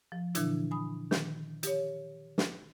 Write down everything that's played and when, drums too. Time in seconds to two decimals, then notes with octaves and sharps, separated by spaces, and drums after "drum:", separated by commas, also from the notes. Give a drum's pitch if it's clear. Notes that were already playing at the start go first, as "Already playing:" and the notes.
0.12 F3
0.35 A#2 D3 E3 D4 E4, drum: hi-hat
0.71 G#5 B5 D#6
1.11 D#3, drum: snare
1.63 G4 C#5, drum: hi-hat
2.38 drum: snare